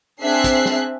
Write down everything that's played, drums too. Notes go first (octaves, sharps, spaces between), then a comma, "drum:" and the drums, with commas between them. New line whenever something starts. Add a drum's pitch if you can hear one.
C4 D4 G#4 E5 F#6 C7
drum: kick, hi-hat
drum: snare